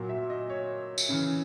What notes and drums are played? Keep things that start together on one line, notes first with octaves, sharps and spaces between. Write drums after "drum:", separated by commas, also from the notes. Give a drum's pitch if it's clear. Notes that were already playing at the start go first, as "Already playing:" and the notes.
Already playing: A#2 F#3
E5
D#5
C#5
drum: tambourine
C#3 E3